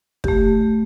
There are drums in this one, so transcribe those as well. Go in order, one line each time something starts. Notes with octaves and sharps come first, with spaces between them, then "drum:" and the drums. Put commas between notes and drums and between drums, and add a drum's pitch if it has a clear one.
A3 G4, drum: kick